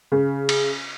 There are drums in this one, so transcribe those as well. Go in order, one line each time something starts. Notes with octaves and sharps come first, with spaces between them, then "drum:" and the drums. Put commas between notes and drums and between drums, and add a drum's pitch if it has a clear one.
C#3
drum: cymbal